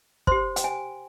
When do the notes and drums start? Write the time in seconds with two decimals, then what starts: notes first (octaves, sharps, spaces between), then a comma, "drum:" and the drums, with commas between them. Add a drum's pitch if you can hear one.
0.27 G4 C5 C6, drum: kick
0.56 G5, drum: hi-hat
0.64 G#5